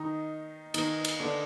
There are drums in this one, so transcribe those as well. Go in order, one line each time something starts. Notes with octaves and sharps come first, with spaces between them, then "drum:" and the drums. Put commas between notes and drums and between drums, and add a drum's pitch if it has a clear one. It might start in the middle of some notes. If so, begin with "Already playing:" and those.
Already playing: D#3 D#4
D#3 D#4, drum: cymbal
drum: cymbal
D3 D4